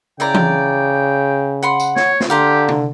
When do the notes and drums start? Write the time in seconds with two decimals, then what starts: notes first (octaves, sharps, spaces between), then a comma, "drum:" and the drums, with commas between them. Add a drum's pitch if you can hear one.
0.20 C#3 E4 D5 G5 A#5
0.34 drum: tom E3
1.63 F#5 B5 C6
1.80 drum: tambourine
1.96 C#5, drum: snare
2.20 drum: snare
2.30 D3 G4 F5 A#5 C6
2.68 drum: tom